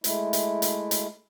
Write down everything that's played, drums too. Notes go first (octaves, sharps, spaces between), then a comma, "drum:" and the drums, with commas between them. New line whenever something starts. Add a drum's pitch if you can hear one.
G#3 A3 E4, drum: hi-hat
drum: hi-hat
drum: hi-hat
drum: hi-hat